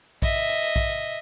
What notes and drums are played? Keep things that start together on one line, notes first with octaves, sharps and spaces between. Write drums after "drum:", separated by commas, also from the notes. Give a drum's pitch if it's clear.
D#5 E5, drum: kick A#1, hi-hat
drum: hi-hat
drum: hi-hat
drum: hi-hat
drum: kick A#1, hi-hat
drum: hi-hat